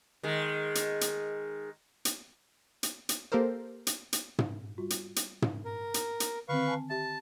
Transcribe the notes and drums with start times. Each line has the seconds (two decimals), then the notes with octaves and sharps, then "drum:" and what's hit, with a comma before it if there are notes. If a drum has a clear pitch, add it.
0.23 D#3 G#3
0.75 drum: hi-hat
1.01 drum: hi-hat
2.05 drum: hi-hat
2.83 drum: hi-hat
3.09 drum: hi-hat
3.32 A#3 G4 A4 A#4 C5
3.87 drum: hi-hat
4.13 drum: hi-hat
4.39 drum: tom
4.78 G3 F4 F#4
4.90 drum: hi-hat
5.16 drum: hi-hat
5.42 drum: tom
5.65 A#4
5.94 drum: hi-hat
6.20 drum: hi-hat
6.49 D3 D#3 C4 B4 F5 C#6
6.68 G#5 A5
6.90 G4 E5 A5